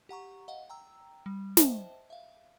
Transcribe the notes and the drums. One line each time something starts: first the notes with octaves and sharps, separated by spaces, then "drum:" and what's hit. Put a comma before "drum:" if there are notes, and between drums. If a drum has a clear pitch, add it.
G4 F#5 A#5 C#6
D#5 F5 F#5
G5 A#5 E6
G3
C5 D#5 E5 G5 A5, drum: snare
E5 F5